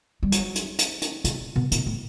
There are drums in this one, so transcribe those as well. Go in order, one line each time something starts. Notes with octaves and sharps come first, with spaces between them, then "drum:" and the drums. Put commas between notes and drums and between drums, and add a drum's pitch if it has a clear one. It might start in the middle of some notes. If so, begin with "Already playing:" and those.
G3
F#3, drum: hi-hat
drum: hi-hat
drum: hi-hat
drum: hi-hat
B2, drum: hi-hat
B2
A2, drum: hi-hat
A2